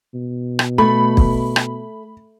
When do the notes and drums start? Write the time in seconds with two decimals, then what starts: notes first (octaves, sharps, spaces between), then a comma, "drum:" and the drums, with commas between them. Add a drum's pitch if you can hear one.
0.14 B2
0.59 drum: rim click
0.78 A3 B5
1.17 drum: kick
1.56 drum: rim click